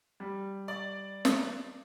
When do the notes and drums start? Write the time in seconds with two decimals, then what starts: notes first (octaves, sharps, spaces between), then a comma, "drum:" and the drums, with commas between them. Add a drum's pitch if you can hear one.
0.20 G3
0.68 D5
1.25 drum: snare